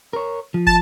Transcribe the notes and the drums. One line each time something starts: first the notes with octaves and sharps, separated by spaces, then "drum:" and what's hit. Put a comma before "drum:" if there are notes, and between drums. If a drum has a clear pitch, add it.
A#4 C#5
F3
A5, drum: kick